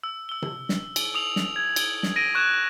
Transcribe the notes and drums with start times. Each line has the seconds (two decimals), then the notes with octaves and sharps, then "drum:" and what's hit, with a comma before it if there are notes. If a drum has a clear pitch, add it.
0.04 E6
0.29 E6 G7
0.42 drum: tom C3
0.69 drum: snare
0.96 drum: cymbal
1.15 D#6 F7 F#7
1.36 drum: snare
1.56 G#6
1.76 drum: cymbal
2.03 drum: snare
2.16 A#6 D7 D#7
2.35 C#6 F#6 G#6 E7